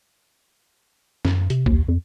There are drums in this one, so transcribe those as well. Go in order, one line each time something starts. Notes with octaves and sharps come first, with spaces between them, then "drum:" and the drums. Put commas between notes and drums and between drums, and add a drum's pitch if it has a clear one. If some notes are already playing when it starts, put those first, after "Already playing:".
F#2, drum: snare
C3, drum: hi-hat
D#2, drum: kick A#1
F2